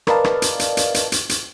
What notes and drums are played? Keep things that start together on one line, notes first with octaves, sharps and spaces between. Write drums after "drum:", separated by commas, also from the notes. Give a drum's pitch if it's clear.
A#4 B4 D5 D#5 F5 A5, drum: rim click
drum: rim click
drum: hi-hat
drum: hi-hat
drum: hi-hat
drum: hi-hat
drum: hi-hat
drum: hi-hat